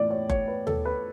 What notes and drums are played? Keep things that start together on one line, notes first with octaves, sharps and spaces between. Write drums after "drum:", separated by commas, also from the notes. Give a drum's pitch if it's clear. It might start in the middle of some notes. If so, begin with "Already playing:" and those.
Already playing: A2 E3 B3 E4 D5
C#5
C#5, drum: kick F#1
B4
A4, drum: tom D#2
B4